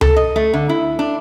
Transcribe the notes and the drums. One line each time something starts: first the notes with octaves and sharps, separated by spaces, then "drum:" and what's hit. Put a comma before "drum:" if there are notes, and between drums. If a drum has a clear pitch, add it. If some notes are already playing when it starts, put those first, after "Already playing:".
A4, drum: tom C#2
D#5
A3
D3
E4
D4